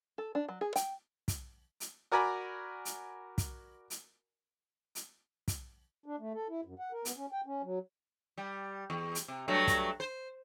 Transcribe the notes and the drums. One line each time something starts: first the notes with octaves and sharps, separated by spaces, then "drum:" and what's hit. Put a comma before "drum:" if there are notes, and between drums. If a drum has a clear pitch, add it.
A4
D4
F#3
G#4
G5, drum: hi-hat
drum: kick, hi-hat
drum: hi-hat
F#4 A#4 D5 G#5 A#5 B5
drum: hi-hat
drum: kick, hi-hat
drum: hi-hat
drum: hi-hat
drum: kick, hi-hat
D4
A3
A4
E4
F#2
F#5
A#4
B3, drum: hi-hat
C#4
G5
C#4
F#3
G3
E2
drum: hi-hat
C3
G2 F#3 A3
drum: kick, hi-hat
C5